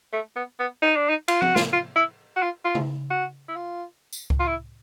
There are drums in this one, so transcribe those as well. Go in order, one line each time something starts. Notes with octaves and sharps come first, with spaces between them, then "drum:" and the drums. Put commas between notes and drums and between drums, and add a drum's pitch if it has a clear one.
A3
B3
B3
D#4
D4
D#4
F4, drum: cymbal
F#4, drum: tom F3
F4, drum: snare
F4
E4
F#4
F4
F4
drum: tom C#3
F#4
E4
F4
drum: tambourine
drum: kick C#2
F4
E4